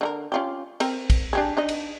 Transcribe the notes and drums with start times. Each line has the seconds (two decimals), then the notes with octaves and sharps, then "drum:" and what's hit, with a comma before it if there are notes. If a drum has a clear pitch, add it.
0.01 D3 D#4 A#4
0.32 C#4 F4 G4
0.80 C4 A#4, drum: cymbal
1.10 drum: kick, cymbal
1.33 D4 G4 G#4
1.57 D4 D#4 D#5
1.69 drum: cymbal